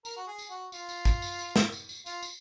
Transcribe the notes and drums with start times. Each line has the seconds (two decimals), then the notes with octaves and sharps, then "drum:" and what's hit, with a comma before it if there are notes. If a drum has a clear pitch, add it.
0.05 A#4, drum: tambourine
0.17 F#4
0.27 G#4
0.38 drum: tambourine
0.50 F#4
0.72 F4, drum: tambourine
0.89 drum: tambourine
1.05 drum: kick, tambourine
1.22 drum: tambourine
1.39 drum: tambourine
1.56 drum: snare
1.72 drum: tambourine
1.89 drum: tambourine
2.06 F4, drum: tambourine
2.23 drum: tambourine